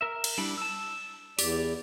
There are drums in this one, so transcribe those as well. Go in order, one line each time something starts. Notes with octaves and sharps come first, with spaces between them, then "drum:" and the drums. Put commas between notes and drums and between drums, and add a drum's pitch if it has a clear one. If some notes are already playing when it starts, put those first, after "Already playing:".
A#4 E5
drum: cymbal
G3 D4 E4
A5 E6
E2 G4 D5, drum: open hi-hat